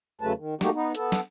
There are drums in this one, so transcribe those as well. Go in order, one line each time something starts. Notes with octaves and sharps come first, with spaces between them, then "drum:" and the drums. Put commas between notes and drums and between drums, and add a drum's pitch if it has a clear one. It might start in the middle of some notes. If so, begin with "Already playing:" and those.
E2 C#3 F#3 A3 B4 A5
D#3
A3 A#3 D#4 F#4 G4, drum: snare
B3 D#4
B3 A4, drum: hi-hat
drum: snare